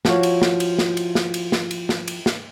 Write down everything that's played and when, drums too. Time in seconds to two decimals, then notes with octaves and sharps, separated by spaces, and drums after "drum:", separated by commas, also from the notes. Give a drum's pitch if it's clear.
0.05 F3 E4 F#4 C#5, drum: snare
0.23 drum: cymbal
0.42 drum: snare
0.60 drum: cymbal
0.78 drum: snare
0.97 drum: cymbal
1.15 drum: snare
1.34 drum: cymbal
1.52 drum: snare
1.71 drum: cymbal
1.89 drum: snare
2.08 drum: cymbal
2.26 drum: snare